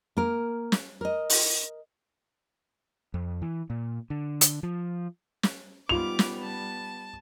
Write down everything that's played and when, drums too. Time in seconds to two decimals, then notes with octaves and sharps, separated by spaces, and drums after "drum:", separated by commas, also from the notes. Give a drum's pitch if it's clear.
0.17 A#3 A#4
0.72 drum: snare
1.01 A#4 D#5
1.30 drum: open hi-hat
3.14 F2
3.42 E3
3.70 A#2
4.10 D3
4.41 drum: hi-hat
4.63 F3
5.43 drum: snare
5.89 G3 B3 D#4 F4 D6 F7
6.19 drum: snare
6.43 A5